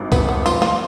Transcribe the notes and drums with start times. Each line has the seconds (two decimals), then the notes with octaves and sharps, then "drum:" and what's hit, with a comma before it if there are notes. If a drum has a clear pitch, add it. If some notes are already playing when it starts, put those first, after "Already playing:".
Already playing: G#1 G2
0.12 G#1 B3, drum: kick, tambourine
0.29 B3
0.46 F3 F4, drum: tambourine
0.62 F4, drum: snare